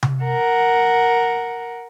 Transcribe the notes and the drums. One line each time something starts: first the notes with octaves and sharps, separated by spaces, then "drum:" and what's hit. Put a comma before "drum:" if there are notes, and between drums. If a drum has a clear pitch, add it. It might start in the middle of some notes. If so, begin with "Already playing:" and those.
drum: tom C3
A#4 F#5